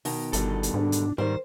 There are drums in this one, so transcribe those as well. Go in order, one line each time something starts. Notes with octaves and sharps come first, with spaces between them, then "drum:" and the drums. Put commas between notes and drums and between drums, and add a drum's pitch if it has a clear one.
B2 D#3, drum: open hi-hat
G1 D3 G3 A4, drum: hi-hat
drum: hi-hat
G#2 D4
drum: hi-hat
G#2 D#3 G3 A#4 C5